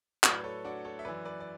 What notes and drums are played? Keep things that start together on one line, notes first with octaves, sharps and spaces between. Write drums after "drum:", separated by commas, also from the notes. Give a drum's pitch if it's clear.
A2 F#3 B4 D5, drum: clap
B4
A4 C#5
D4 F#4
A4 C#5
E5
F#2 E3 B4 D5
B4 D5
D5